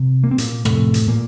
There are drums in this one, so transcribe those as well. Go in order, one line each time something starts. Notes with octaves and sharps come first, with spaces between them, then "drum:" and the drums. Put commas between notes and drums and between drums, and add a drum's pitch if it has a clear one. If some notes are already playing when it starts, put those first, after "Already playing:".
Already playing: C3
A#3
C4
A#2 A#3, drum: hi-hat
F2 A2 C3 A3, drum: rim click
drum: hi-hat
A#2 A#3